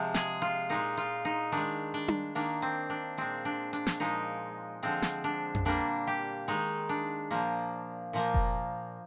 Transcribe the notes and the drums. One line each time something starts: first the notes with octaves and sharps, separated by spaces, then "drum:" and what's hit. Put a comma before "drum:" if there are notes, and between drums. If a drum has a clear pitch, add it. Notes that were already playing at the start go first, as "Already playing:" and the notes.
Already playing: C3 F3 G#3
G#4, drum: snare
F4
A#2 G#3 D#4
F4, drum: hi-hat
D#4
D#3 G#3 D4
D4
drum: tom D4
D#3 A#3 D4
C4
D4
A#2 G#3 C4
D4
D4, drum: hi-hat
drum: snare
A#2 F3 G#3 D#4
D3 F3 G#3 C4
drum: snare
D4
drum: tom F2
A#2 G3 A#3 D4
G4
D#3 G#3 D#4
D4
A#2 F3 A#3
A#2 F3 A#3
drum: kick F1